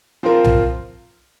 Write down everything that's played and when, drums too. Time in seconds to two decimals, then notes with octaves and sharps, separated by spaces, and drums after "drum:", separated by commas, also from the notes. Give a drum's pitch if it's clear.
0.23 F3 C4 F4 A#4
0.44 drum: tom B1